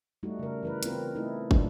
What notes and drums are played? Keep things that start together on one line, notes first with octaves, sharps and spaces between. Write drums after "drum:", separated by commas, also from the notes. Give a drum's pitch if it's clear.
G3 A3 D#4 F#4
C#3 A#4
E3 A#4 B4
B3 C4 F4 A#4, drum: hi-hat
A3 D#4 E4 A4
A#2 F#3 D4 F4, drum: kick